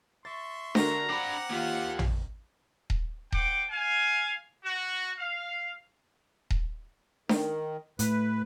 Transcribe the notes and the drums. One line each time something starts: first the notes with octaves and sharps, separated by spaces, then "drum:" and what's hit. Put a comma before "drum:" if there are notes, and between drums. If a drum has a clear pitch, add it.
E5 C6 C#6 A6
D3 F#4 A#4 A#5, drum: snare D4
C4 D4 F#5 B5 D6
A#3 F4 G4
drum: tom
drum: kick D#1
C5 F#5 G5 D6, drum: kick D#1
F5 G#5
F#4
F5
drum: kick D#1
D#3, drum: snare D4
A2 B4, drum: hi-hat